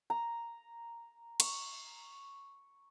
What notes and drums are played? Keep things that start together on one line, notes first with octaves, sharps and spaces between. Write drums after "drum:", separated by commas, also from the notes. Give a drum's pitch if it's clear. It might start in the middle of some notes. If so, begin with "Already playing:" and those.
A#5
C#6, drum: cymbal